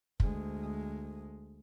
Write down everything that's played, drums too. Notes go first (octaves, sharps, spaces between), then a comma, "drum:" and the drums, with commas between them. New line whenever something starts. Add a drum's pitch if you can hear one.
D2 G#3, drum: kick